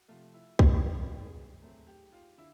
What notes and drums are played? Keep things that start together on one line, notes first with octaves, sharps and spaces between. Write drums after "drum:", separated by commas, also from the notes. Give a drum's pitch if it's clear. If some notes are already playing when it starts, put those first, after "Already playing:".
Already playing: F#4
C3 F3 A3 F4
E4
D4, drum: kick B1
E3 G#3 C#4 F4 G4
G#4
F#3 A3 C4
G4
F4
D3 E4